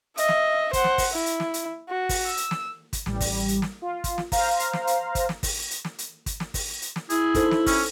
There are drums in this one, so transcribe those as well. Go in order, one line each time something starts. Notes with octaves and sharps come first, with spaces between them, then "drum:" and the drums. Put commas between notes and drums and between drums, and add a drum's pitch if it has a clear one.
D#5 E5, drum: hi-hat
drum: snare
C5 F#5, drum: kick, hi-hat
drum: snare
drum: kick, open hi-hat
E4
drum: hi-hat
drum: snare
drum: hi-hat
F#4
drum: kick, open hi-hat
E6
drum: hi-hat
drum: snare
drum: kick, hi-hat
A1 G3, drum: snare
drum: kick, open hi-hat
drum: hi-hat
drum: snare
F4
drum: kick, hi-hat
drum: snare
C5 F5 A#5, drum: kick, open hi-hat
drum: hi-hat
drum: snare
drum: hi-hat
drum: kick, hi-hat
drum: snare
drum: kick, open hi-hat
drum: hi-hat
drum: snare
drum: hi-hat
drum: kick, hi-hat
drum: snare
drum: kick, open hi-hat
drum: hi-hat
drum: snare
E4 G#4, drum: hi-hat
D#4 A4 C5, drum: kick, hi-hat
drum: snare
C#4, drum: kick, open hi-hat